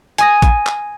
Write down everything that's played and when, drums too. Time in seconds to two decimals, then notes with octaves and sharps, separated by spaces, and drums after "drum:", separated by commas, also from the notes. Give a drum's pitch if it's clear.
0.18 G#5 D#6 A#6, drum: hi-hat
0.42 drum: kick, hi-hat
0.66 drum: clap